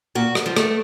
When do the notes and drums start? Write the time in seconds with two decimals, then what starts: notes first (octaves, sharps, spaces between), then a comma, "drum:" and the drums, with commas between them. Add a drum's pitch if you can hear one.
0.15 A#2 F#4
0.35 drum: rim click
0.46 F3
0.56 A3, drum: rim click